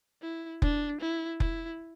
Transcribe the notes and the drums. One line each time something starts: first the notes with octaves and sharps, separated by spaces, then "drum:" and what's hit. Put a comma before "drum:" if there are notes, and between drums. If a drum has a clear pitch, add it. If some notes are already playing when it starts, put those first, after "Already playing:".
E4
D4, drum: kick F1
E4
E4, drum: kick F1